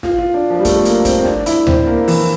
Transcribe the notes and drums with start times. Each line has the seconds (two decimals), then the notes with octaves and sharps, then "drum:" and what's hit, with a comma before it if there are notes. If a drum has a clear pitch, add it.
0.03 F4, drum: snare
0.18 F4
0.34 D4
0.50 F3
0.59 G3
0.65 A3, drum: kick, hi-hat
0.76 A3
0.85 A#3, drum: hi-hat
1.05 C4, drum: kick, hi-hat
1.19 C4
1.25 D4, drum: snare
1.46 E4, drum: hi-hat
1.67 C4, drum: tom D2
1.87 A#3
2.08 E3, drum: open hi-hat